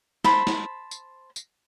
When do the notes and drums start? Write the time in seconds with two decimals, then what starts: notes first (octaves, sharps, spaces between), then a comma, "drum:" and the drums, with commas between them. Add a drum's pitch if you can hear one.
0.25 C5 A5 B5, drum: snare
0.47 drum: snare
0.91 drum: tambourine
1.36 drum: tambourine